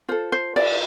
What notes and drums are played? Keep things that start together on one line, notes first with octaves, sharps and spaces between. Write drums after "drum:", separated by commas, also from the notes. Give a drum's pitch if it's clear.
F4 A4 C5
C5
D5, drum: cymbal